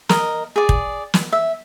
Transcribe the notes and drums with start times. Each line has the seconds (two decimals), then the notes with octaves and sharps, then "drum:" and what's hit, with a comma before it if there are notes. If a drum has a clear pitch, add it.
0.09 A#4 D#5, drum: snare
0.56 G#4 D5
0.69 drum: kick
1.14 drum: snare
1.32 E5